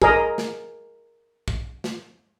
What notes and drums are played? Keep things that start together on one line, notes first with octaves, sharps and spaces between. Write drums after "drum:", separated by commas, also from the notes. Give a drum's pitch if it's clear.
G#4 A#4 D#5, drum: kick
drum: snare
drum: kick
drum: snare